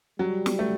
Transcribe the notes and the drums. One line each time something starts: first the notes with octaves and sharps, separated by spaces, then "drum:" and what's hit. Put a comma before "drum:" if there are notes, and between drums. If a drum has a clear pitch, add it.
F#3 G3
drum: snare
A3